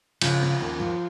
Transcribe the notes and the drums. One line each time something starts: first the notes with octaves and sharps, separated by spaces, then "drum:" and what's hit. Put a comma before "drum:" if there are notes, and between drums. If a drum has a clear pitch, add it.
C#3 F3, drum: cymbal
C#4
D#2
F3